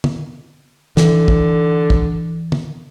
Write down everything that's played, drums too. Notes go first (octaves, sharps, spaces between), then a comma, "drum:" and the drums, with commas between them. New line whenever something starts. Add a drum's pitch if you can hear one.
drum: tom
D3 E3, drum: snare
drum: kick
drum: kick
drum: tom